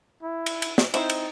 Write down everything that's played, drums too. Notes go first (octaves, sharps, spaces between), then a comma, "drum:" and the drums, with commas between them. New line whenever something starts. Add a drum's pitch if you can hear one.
E4
drum: cymbal
drum: cymbal
drum: snare
C4 D#4 E4 C5, drum: cymbal
drum: cymbal